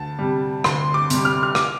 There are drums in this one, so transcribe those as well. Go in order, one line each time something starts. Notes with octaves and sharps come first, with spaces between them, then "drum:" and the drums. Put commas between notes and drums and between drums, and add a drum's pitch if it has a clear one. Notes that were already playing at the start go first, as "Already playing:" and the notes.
Already playing: D2 A5
C3 G3
D2 C6, drum: rim click
D6
C3 G3, drum: hi-hat
F6
F6
D6, drum: rim click